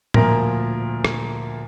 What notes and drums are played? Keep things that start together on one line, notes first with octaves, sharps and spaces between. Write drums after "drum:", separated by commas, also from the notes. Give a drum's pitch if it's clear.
D2 A#2 F3 A#4 A#6, drum: tom A2
drum: rim click